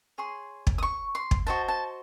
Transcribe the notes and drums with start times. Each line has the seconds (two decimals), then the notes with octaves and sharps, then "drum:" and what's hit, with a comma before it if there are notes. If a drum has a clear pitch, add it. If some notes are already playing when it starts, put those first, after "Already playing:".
0.18 G#4 C#5 C6
0.67 drum: kick
0.78 D#6
0.83 C#6
1.15 C6
1.31 drum: kick
1.47 F#4 C5 D#5 A5
1.68 A5